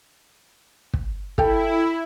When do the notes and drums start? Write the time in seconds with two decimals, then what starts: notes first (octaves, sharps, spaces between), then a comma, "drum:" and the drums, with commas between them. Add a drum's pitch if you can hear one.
0.94 drum: kick
1.38 E4 A4 G5, drum: kick